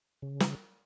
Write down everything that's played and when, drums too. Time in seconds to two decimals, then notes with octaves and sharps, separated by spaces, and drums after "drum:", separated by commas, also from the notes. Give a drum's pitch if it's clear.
0.22 C#3
0.40 drum: snare